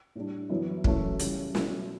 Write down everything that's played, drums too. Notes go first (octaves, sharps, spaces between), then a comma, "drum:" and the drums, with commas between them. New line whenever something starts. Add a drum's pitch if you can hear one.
A2 G3 D4
F#2 E3 B3 E4
F#2 E3 A3 C#4, drum: kick
C#3 G3 C#4 E4, drum: hi-hat
B2 F#3 A3 C#4 E4, drum: snare